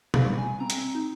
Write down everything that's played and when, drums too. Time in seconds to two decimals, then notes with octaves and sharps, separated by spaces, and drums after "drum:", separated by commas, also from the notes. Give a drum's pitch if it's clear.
0.14 F5, drum: tom
0.26 G3
0.38 G#5
0.60 C4 A#5
0.70 drum: hi-hat
0.95 D#4